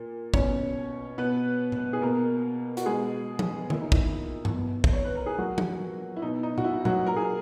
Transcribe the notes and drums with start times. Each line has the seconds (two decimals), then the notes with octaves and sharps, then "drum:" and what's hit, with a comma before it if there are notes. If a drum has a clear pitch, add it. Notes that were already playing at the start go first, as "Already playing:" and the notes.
Already playing: A#2
0.34 B2 C#4 C#5, drum: kick
1.18 B2 B3 B4
1.72 drum: tom A#2
1.93 G#4
2.02 B2 A#3 A#4
2.77 F#4, drum: hi-hat
2.86 B2 G#3 G#4
3.39 drum: tom F3
3.70 A#2 E4, drum: tom D3
3.81 D#4
3.92 E4, drum: kick
4.45 drum: tom G2
4.54 B2
4.84 drum: kick
4.93 C#5
5.04 B4
5.15 A#4
5.26 G#4
5.38 A#2 F#3 F#4
5.58 drum: tom F3
6.16 E4
6.22 B2 D#4
6.43 D#4
6.58 F#4, drum: tom A#2
6.64 E4
6.85 F#3 F#4, drum: tom A#2
7.06 A#2 A#4
7.16 G#4